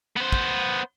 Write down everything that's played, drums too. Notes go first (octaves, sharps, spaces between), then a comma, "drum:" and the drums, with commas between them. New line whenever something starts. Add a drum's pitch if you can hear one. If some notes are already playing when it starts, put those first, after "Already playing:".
B3 C5
drum: kick